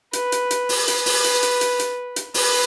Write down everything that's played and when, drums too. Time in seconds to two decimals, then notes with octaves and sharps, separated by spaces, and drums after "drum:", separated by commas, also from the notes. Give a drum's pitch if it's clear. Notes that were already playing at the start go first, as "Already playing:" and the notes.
0.13 B4, drum: hi-hat
0.32 drum: hi-hat
0.51 drum: hi-hat
0.69 drum: open hi-hat
0.88 B4, drum: hi-hat
1.06 drum: open hi-hat
1.24 drum: hi-hat
1.43 drum: hi-hat
1.61 drum: hi-hat
1.79 drum: hi-hat
2.16 drum: hi-hat
2.34 B4, drum: open hi-hat